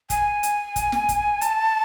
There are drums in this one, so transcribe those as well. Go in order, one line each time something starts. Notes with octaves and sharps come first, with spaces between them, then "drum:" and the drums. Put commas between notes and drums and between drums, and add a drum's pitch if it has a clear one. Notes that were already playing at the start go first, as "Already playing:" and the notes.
G#5, drum: kick, hi-hat
drum: hi-hat
drum: kick, hi-hat
drum: snare
drum: kick, hi-hat
A5, drum: hi-hat